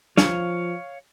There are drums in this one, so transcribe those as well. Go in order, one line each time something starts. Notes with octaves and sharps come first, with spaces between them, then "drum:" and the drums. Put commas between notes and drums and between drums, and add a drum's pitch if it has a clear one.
F3 C#5 F5, drum: snare